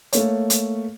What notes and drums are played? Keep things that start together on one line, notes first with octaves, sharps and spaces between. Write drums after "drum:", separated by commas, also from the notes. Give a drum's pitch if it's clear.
A3 A#3 C#5, drum: hi-hat
drum: hi-hat